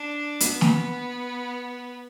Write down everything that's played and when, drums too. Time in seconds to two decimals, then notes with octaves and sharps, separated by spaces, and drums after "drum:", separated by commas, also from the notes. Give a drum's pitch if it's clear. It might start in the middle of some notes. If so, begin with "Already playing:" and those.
Already playing: D4
0.40 B3, drum: hi-hat
0.61 drum: snare